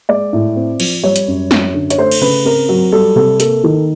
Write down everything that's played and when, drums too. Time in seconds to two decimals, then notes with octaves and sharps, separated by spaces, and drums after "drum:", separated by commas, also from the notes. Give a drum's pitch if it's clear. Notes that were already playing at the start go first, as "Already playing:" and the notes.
0.09 G#3 D5
0.33 A2
0.56 C4
0.80 F3, drum: cymbal
1.03 G3 C#5
1.16 drum: hi-hat
1.28 F#2
1.51 F#2, drum: snare
1.74 D3
1.90 C#5, drum: hi-hat
1.98 A3 C5
2.11 drum: cymbal
2.21 C#3 B4
2.45 C4 A#4
2.69 F#3
2.92 G3 A4
3.16 C3 A4
3.40 A#3 A4, drum: hi-hat
3.64 D#3